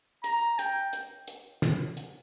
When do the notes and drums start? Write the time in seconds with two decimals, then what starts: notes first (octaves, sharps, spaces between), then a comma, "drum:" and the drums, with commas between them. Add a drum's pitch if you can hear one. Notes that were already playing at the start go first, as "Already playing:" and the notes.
0.24 A#5, drum: hi-hat
0.59 G5, drum: hi-hat
0.93 drum: hi-hat
1.28 drum: hi-hat
1.62 drum: snare
1.97 drum: hi-hat